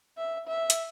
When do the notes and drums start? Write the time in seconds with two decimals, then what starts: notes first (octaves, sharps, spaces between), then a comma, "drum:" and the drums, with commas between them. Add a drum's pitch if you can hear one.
0.18 E5
0.48 E5
0.70 drum: hi-hat